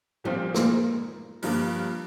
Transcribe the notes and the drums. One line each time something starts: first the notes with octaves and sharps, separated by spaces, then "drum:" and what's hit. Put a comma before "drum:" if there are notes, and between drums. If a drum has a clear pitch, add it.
A#2 F3 G3 C4 F4
A#3, drum: snare
G2 F3 A#3 D4, drum: open hi-hat